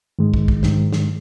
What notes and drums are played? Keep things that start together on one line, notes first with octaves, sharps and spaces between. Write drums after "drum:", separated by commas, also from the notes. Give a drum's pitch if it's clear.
G#2 D#3 G#3
drum: kick
drum: kick
G#2 D#3 G#3, drum: snare
drum: snare